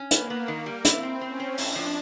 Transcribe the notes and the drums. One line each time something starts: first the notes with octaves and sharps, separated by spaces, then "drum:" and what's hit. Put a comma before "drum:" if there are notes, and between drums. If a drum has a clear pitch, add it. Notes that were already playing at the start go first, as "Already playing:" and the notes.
Already playing: C#4
A#3 B3, drum: hi-hat
B3
D#3
G3
C4 E4, drum: hi-hat
C4
C4 C#4
C4
A2 D4, drum: open hi-hat
F3